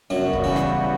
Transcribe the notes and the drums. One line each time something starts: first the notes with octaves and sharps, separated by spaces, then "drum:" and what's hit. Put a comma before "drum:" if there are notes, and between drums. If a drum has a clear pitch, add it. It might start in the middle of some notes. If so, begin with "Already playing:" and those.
F#2 C#3 F#3 G3 B3 F#4
drum: kick
E3
drum: rim click